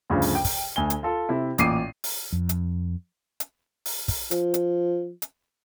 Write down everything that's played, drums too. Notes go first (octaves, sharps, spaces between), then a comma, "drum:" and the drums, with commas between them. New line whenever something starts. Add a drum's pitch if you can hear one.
D2 G2 C#3 F3
drum: open hi-hat
G5
drum: kick, open hi-hat
D2 G#5 G7
drum: hi-hat
F4 A4
C3 E4
A1 A#2 D6 C7 D#7, drum: hi-hat
drum: open hi-hat
F2
drum: hi-hat
drum: hi-hat
drum: open hi-hat
drum: kick, open hi-hat
F3, drum: hi-hat
drum: hi-hat
drum: hi-hat